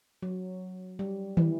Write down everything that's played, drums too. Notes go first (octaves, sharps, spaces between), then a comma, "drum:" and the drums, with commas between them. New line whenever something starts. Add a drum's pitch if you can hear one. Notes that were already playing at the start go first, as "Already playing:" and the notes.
F#3
G3
E3, drum: tom